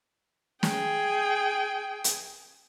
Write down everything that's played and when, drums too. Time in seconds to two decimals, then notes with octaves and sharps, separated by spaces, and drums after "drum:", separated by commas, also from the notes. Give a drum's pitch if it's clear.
0.63 G#4 G5, drum: snare
2.04 drum: hi-hat